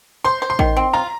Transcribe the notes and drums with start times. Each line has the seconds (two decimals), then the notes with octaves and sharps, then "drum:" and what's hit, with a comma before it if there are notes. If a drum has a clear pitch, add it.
0.24 C5 C6
0.42 C5
0.50 C6
0.59 D#3, drum: kick A1
0.77 C4
0.93 F4 A#5